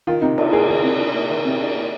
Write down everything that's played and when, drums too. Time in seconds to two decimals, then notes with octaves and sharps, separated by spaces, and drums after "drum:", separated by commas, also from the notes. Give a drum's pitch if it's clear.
0.07 D#3 F4
0.22 C3 D#4
0.38 D4, drum: cymbal
0.53 A#3 G#4
0.68 D#3 G#4
0.83 C3
0.99 D4
1.14 A#3
1.29 D#3
1.45 C3
1.60 D4
1.76 A#3